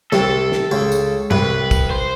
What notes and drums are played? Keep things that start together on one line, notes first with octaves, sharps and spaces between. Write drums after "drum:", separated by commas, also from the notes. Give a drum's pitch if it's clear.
C2 C3 A4, drum: snare
drum: snare
C#2 C#3
drum: tambourine
C2 C3 B4, drum: tom
drum: kick, tambourine
C5